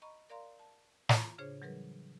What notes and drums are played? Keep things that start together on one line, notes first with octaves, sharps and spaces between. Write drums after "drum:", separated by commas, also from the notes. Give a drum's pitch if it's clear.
D#5 A#5 B5 C#6
A#4 D5 F5 A#5 C6
A5
F4, drum: snare
A2 C#3 D4 G#4 C5 C#5
E3 F#3 G3 G#4 A#4 B4